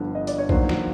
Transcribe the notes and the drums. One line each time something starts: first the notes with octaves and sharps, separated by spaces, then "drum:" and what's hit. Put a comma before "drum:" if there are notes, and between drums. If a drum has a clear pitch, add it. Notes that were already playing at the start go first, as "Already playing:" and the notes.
Already playing: G1 G2 D3 F3 B4
D#5
D5, drum: hi-hat
C#5
D#2 D#3 F#3 C5, drum: kick A#1
drum: snare